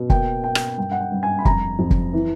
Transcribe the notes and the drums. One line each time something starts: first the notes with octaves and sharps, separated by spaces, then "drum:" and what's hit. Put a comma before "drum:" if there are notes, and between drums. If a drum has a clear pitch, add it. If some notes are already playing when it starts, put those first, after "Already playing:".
Already playing: B2
A#3 G5, drum: kick
A#3 G5
drum: rim click
G2 G5
F#5
G5
G2
G#5
B5
F2 A#5, drum: kick
F2
drum: kick
E3